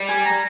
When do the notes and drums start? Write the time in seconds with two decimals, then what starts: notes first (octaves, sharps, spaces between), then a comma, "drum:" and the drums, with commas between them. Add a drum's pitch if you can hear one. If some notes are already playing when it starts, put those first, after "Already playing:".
Already playing: G3
0.08 G#5, drum: hi-hat
0.25 A#5